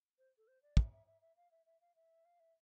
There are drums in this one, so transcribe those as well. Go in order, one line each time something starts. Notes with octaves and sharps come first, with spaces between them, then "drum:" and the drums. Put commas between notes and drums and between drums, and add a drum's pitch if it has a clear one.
C5
A4
C5
D5
E5, drum: kick
E5
E5
E5
F5
E5
E5
F5
E5
F5
E5